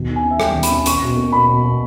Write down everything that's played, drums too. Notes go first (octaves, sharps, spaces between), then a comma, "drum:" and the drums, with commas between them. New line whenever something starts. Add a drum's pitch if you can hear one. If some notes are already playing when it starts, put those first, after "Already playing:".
Already playing: D#2 B2
D#3
G#5
C#4
E5
G3 G5, drum: rim click
D#2
B5, drum: hi-hat
C#4
C#4 C#6, drum: hi-hat
B2
A#3
B2 B5
B2
B2